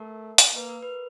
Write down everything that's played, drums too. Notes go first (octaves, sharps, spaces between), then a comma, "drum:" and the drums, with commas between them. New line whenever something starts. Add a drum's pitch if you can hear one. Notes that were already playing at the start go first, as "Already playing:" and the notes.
Already playing: A3 A#4
drum: hi-hat
A#3 B4
A#4
B4